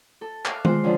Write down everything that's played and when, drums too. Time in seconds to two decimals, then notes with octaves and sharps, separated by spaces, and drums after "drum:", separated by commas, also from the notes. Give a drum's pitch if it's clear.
0.21 A4
0.45 E5 F5 D6 F6 F#6, drum: clap
0.65 G#3 F4 C5, drum: tom D#3
0.83 D3 F3 C#4